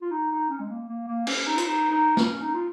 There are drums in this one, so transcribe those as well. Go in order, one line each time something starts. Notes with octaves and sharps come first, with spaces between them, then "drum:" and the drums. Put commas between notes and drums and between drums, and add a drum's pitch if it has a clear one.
F4
D#4
D#4
C#4
G#3
A#3
A#3
A#3
C#4, drum: cymbal
D#4
F4, drum: hi-hat
D#4
D#4
C#4, drum: snare
D#4
F4